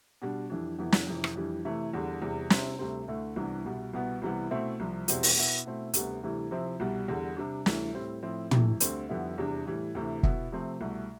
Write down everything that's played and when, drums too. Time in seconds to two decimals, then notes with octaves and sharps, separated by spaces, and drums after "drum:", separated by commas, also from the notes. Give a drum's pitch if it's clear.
0.22 B2 G3 D4
0.50 F2 E3 G3 D4
0.79 F2 C3 E3 B3
0.92 drum: snare
1.07 F2 C3 E3
1.24 drum: rim click
1.36 F2 E3 G3 D4
1.65 C3 E3 A3
1.93 E2 D3 G3 D4
2.21 E2 C3 G3
2.50 C3 G3 C4 E4, drum: snare
2.79 D2 C3 G3 C4
3.08 D2 D3 A3 E4
3.36 C2 C3 E3 B3 D4
3.65 C2 B2 G3
3.93 C2 B2 B3
4.22 C2 C3 E3 G3 B3
4.51 B2 A3 C4 E4
4.80 C2 C3 F3
5.08 E2 B2 G3 C4 E4, drum: hi-hat
5.23 drum: open hi-hat
5.36 B2 B3 E4
5.65 B2 A3 C4 E4
5.94 D2 C3 G3 B3, drum: hi-hat
6.23 D2 C3 E3 G3
6.51 C3 F3 C4 E4
6.80 C2 B2 G3
7.08 E2 D3 G3
7.37 C3 G3 D4
7.66 D2 C3 E3 G3, drum: snare
7.95 A2 G3 C4 E4
8.23 A2 F3 C4 E4
8.51 F2 C3 E3 A3, drum: tom
8.80 D2 D3 G3 C4, drum: hi-hat
9.09 F2 D3 G3 B3 E4
9.38 E2 C3 G3 D4
9.66 A2 E3 G3
9.95 D2 C3 E3
10.23 B2 B3 E4, drum: kick
10.52 C3 F3 A3 C4
10.81 C2 B2 A3